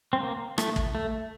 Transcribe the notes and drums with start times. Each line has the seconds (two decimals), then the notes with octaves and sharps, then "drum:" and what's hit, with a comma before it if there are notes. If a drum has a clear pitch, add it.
0.13 C4
0.21 A#3
0.58 A3, drum: rim click
0.76 drum: kick
0.95 A3